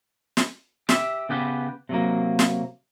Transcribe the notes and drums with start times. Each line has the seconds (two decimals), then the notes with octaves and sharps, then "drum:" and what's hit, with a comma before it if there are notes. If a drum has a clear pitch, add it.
0.37 drum: snare
0.89 G4 E5, drum: snare
1.29 C#3 B3 G4 B4
1.89 C3 F#3 A#3
2.39 drum: snare